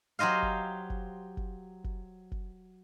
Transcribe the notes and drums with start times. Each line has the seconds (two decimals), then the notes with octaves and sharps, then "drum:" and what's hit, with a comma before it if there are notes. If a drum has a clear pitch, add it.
0.19 F#3 G4 C5 D#5 F5
0.43 drum: kick
0.90 drum: kick
1.37 drum: kick
1.84 drum: kick
2.32 drum: kick